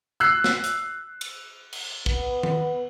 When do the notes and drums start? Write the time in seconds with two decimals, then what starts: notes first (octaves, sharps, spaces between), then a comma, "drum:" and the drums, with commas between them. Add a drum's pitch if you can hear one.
0.20 E6 F#6 C7
0.44 drum: snare
0.64 drum: hi-hat
1.21 drum: cymbal
1.72 drum: cymbal
2.06 B3, drum: kick
2.43 drum: tom D#3